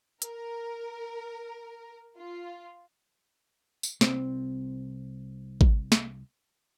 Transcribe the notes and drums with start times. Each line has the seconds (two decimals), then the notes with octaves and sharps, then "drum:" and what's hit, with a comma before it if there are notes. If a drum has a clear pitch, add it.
0.22 A#4, drum: hi-hat
2.17 F4
3.83 drum: tambourine
4.01 C2 C4 C5, drum: snare
5.61 drum: kick G#1
5.92 drum: snare